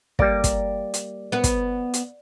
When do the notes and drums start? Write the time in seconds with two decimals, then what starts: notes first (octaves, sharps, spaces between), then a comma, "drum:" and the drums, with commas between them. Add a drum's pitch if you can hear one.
0.19 G3 A#3 D5 A#6, drum: kick
0.44 drum: kick, hi-hat
0.94 drum: hi-hat
1.32 B3 B4
1.44 drum: kick, hi-hat
1.94 drum: hi-hat